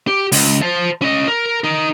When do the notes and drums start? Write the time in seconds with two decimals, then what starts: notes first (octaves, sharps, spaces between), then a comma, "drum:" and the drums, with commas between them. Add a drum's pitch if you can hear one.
0.07 G4
0.32 C#2, drum: open hi-hat
0.62 C5 A5
1.02 C#4 D#5
1.28 A#4
1.64 D#4 A#4